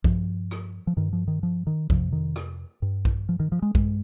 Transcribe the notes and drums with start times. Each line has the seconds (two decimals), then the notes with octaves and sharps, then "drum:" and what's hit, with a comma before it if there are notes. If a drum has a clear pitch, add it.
0.04 G2 F3, drum: kick
0.51 drum: rim click
0.87 F3
0.97 G2 D#3
1.13 F3
1.28 D#3
1.43 F3
1.67 D#3
1.90 F2 C3 F3, drum: kick
2.12 D#3
2.36 drum: rim click
2.82 G2
3.05 drum: kick
3.29 F3
3.40 D#3
3.52 F3
3.62 G#3
3.75 G2 G#3, drum: kick